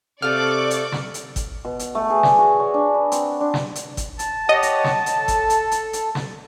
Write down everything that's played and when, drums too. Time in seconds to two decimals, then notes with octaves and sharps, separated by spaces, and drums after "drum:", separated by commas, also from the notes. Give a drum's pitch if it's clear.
0.22 C3 A3 F4 A4 D5 C#6 D6 F6
0.71 drum: hi-hat
0.92 drum: snare
1.14 drum: hi-hat
1.36 drum: kick G1, hi-hat
1.65 B2
1.79 drum: hi-hat
1.95 A3
2.10 G#4
2.23 D5, drum: snare
2.39 F#4
2.60 C#5
2.74 D4
2.94 B4
3.12 C4, drum: hi-hat
3.41 D4
3.54 drum: snare
3.75 drum: hi-hat
3.97 drum: kick G1, hi-hat
4.19 A5, drum: hi-hat
4.49 G4 C#5 D#5 F#5 D#6
4.63 drum: hi-hat
4.84 drum: snare
5.06 drum: hi-hat
5.18 A4
5.28 drum: kick G1, hi-hat
5.50 drum: hi-hat
5.71 drum: hi-hat
5.93 drum: hi-hat
6.15 drum: snare